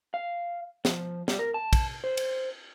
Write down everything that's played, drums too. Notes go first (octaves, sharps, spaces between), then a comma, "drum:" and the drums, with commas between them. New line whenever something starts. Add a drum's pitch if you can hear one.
F5
F3, drum: snare
G3, drum: snare
A#4
A5
drum: kick, cymbal
C5
drum: cymbal